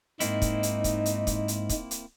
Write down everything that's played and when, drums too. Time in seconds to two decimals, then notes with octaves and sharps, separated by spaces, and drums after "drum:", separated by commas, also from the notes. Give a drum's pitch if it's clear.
0.20 G#2 G#3 A#3 C4 D#4 E4, drum: hi-hat
0.42 drum: kick, hi-hat
0.63 drum: hi-hat
0.84 drum: kick, hi-hat
1.06 drum: hi-hat
1.27 drum: kick, hi-hat
1.48 drum: hi-hat
1.69 drum: kick, hi-hat
1.91 drum: hi-hat